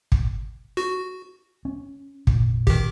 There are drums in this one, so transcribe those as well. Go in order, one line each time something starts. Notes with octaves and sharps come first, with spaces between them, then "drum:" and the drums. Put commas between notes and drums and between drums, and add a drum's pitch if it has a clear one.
drum: kick
F#4
C#4
F2 A#2, drum: kick
D#3 G4, drum: kick